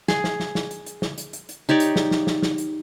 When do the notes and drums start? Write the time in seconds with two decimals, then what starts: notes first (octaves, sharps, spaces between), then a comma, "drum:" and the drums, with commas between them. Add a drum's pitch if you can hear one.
0.08 G#4, drum: snare
0.24 drum: snare
0.40 drum: snare
0.55 drum: snare
0.71 drum: hi-hat
0.86 drum: hi-hat
1.02 drum: snare
1.18 drum: hi-hat
1.33 drum: hi-hat
1.49 drum: hi-hat
1.69 D#4 G4 C#5 D5
1.80 drum: hi-hat
1.96 drum: snare
2.11 drum: snare
2.27 drum: snare
2.42 drum: snare
2.58 drum: hi-hat